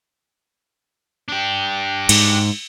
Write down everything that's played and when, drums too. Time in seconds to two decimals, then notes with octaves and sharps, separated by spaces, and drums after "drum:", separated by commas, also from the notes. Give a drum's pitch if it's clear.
1.28 D4 G4
2.09 G#2, drum: cymbal